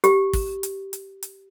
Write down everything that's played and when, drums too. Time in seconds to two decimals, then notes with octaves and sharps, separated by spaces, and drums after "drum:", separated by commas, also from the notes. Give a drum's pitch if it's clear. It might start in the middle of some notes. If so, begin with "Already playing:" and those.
0.04 G4, drum: hi-hat
0.33 drum: kick, open hi-hat
0.63 drum: hi-hat
0.93 drum: hi-hat
1.23 drum: hi-hat